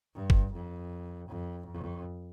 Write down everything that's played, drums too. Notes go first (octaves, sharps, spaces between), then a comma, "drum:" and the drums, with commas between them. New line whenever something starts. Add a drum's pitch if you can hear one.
G2
drum: kick
F2
F2
F2